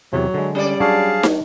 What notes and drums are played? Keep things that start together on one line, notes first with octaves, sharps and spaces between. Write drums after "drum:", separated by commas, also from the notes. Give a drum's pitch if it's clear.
E2 C3 F#3
D3 G#3
G3 C#4 D5
F#3 D4 G#4 C#5 F5 A5
drum: snare